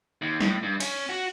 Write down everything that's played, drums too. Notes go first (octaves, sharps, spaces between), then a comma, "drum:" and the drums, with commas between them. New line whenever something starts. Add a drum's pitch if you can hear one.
D#2
A2, drum: snare
G2
C#4, drum: cymbal
F#4